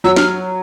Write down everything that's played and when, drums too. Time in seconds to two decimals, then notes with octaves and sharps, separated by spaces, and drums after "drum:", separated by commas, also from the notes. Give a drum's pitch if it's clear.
0.04 F#3 E6
0.16 F6, drum: snare